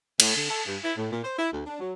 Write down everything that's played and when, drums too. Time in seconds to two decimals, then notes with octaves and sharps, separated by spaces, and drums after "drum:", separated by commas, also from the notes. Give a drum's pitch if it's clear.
0.20 A2, drum: cymbal
0.36 D3
0.49 A4
0.66 G2
0.83 E4
0.96 A2
1.12 A#2
1.24 C5
1.38 E4
1.51 D2
1.67 D4
1.80 F#3